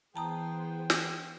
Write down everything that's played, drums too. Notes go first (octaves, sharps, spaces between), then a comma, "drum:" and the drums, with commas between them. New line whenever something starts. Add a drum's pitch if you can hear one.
E3 B3 G#4 C5 G5 A5 A#5 D#6
drum: snare